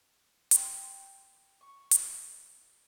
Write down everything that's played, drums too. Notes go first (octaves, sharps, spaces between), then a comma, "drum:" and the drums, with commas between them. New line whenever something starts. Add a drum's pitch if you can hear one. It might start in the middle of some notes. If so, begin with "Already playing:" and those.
G5 C6, drum: hi-hat
C#6
drum: hi-hat